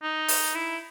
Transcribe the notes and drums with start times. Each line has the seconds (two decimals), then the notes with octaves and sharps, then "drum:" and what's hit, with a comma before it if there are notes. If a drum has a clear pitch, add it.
0.03 D#4
0.28 drum: open hi-hat
0.55 E4